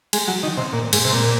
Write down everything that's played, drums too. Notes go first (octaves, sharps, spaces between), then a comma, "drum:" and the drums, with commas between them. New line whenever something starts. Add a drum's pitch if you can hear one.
G#3, drum: cymbal
F#3
D#3
C3
A#2
G#2, drum: cymbal
C3
A#2